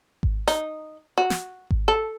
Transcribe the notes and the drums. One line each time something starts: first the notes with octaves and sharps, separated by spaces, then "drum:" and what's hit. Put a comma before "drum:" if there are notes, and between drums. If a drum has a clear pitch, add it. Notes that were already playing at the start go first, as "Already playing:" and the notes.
drum: kick G#1
D#4, drum: hi-hat
F#4
drum: snare
drum: kick G#1
A4